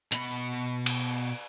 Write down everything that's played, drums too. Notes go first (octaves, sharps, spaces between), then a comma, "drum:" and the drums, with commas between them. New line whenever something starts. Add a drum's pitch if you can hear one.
B2 B5, drum: hi-hat
drum: cymbal